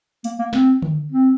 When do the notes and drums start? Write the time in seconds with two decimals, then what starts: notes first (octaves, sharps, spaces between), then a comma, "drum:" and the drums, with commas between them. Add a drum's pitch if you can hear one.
0.24 A#3, drum: hi-hat
0.39 A#3
0.53 C4, drum: snare
0.82 drum: tom D3
1.12 C4